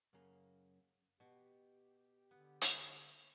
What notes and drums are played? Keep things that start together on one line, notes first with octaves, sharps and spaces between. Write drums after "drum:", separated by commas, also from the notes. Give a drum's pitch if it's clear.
F#2 C#3 A#3
B2 G4
D3 B3
drum: hi-hat